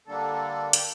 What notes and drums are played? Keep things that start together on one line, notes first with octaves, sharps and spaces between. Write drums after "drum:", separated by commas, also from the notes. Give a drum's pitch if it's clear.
D3 G3 A#3 D4 A4
G4, drum: hi-hat